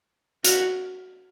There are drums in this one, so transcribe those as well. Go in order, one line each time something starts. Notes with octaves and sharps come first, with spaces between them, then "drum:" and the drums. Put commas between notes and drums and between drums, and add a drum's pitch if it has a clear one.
F#4, drum: hi-hat